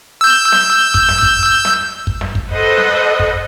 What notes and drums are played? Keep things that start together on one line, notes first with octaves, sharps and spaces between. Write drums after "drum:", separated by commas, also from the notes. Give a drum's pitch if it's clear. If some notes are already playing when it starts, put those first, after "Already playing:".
E6 G6
drum: snare
drum: kick
drum: snare
drum: kick
drum: snare
drum: kick
drum: snare
drum: kick
A4 B4 C5 D#5 F#5
drum: snare
drum: kick